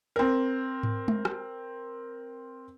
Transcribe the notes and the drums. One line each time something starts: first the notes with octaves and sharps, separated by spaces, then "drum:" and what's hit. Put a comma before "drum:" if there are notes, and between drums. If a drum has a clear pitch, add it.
C4 A#4
drum: tom G#2
drum: tom G#3
drum: rim click